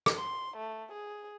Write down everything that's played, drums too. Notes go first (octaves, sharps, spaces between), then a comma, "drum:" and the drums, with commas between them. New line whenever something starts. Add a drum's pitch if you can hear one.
drum: rim click
C6
A3
G#4